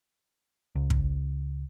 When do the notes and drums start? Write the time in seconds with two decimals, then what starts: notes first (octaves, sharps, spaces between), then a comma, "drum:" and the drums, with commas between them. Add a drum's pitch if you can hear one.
0.75 C#2
0.90 drum: kick